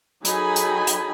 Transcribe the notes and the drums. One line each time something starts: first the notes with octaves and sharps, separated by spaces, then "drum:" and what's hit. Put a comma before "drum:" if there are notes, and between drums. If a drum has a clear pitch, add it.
F#3 D#4 G#4 A4 G#5 B5, drum: hi-hat
drum: hi-hat
drum: hi-hat